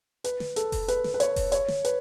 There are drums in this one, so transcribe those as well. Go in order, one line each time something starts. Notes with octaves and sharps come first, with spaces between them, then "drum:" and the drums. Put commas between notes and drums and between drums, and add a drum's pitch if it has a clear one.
B4, drum: hi-hat
drum: snare
A4, drum: hi-hat
drum: kick F1, open hi-hat
B4, drum: hi-hat
drum: snare
B4
C#5, drum: hi-hat
drum: kick F1, open hi-hat
C#5, drum: hi-hat
drum: snare
B4, drum: hi-hat